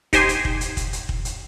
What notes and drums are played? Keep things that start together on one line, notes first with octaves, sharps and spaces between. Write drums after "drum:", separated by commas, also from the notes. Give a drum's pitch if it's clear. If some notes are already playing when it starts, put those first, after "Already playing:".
D#4 G4 C5 G#5 C6, drum: kick, hi-hat
drum: hi-hat
drum: kick
drum: hi-hat
drum: kick, hi-hat
drum: hi-hat
drum: kick
drum: hi-hat